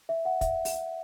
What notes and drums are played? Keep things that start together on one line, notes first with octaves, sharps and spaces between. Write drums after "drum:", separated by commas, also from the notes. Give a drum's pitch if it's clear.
E5
F#5
E5, drum: kick, hi-hat
drum: open hi-hat